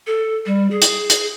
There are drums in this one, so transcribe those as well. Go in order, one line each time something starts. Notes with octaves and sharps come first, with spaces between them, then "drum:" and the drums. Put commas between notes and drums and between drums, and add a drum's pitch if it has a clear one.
A4
G3
G#4
drum: hi-hat
drum: hi-hat